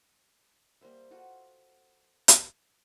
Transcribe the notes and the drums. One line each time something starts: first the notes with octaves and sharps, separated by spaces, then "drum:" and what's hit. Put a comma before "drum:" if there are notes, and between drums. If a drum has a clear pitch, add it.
G3 A#3 C5 E5
F4 F#4 A4
drum: hi-hat